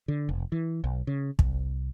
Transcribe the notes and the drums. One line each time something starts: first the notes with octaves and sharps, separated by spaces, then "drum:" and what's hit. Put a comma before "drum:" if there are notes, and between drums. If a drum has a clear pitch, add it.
D3
F1
E3
B1
C#3
C2, drum: kick